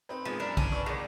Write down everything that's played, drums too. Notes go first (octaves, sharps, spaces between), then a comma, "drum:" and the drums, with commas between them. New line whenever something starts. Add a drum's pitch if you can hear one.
C4 D#4 B4
A#2 F3 G#3 B3
F#2 D4 E4 A#4
C#4 D4, drum: kick B1
B4 C#6
C2 D#3 G#3 D5